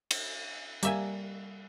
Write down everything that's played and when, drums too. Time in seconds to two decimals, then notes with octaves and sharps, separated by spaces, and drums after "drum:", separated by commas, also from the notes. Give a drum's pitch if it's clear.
0.11 drum: cymbal
0.83 G3 A#3 E5 G#5, drum: hi-hat